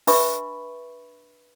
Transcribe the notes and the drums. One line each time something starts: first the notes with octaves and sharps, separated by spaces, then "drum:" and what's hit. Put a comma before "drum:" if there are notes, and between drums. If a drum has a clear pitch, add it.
D4 B4 E5 B5 C#6, drum: open hi-hat